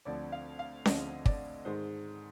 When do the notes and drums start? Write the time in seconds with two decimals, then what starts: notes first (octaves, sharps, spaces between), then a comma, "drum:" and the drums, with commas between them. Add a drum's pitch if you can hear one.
0.05 D2 D3 F3 C4 D5
0.32 F5
0.59 F5
0.86 D2 D3 F3 C4 D#5, drum: snare C#4
1.26 D5, drum: kick
1.65 G#2 D#3 G#3 C5